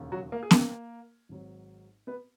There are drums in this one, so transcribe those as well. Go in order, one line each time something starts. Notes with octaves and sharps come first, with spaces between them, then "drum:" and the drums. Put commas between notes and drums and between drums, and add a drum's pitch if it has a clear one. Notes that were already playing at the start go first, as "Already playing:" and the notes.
Already playing: E1 D#2 C#3
F#3 F#4
A#3 A#4
G#4
A#3 A#4, drum: snare B3
G#1 G#2 F#3
B3 B4